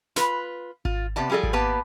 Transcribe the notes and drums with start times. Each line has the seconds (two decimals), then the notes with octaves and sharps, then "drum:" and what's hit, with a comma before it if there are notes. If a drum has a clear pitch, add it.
0.16 F4 B4, drum: snare
0.85 F4, drum: kick G#1
1.16 C3 B3 G4 D5 A5
1.30 F3 G3 G#4 A4 D5
1.43 drum: kick G#1
1.53 A#3 B3 G4 B4 A5